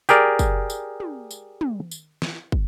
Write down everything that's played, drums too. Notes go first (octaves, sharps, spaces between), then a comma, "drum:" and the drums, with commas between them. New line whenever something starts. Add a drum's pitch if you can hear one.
G4 G#4 A#4 D5, drum: tambourine
drum: kick, tambourine
drum: tambourine
drum: tom
drum: tambourine
drum: tom
drum: tambourine
drum: snare
drum: kick